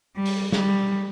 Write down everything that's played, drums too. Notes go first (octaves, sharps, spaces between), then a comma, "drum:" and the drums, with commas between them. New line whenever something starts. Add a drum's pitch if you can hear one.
G3
drum: open hi-hat
G3, drum: snare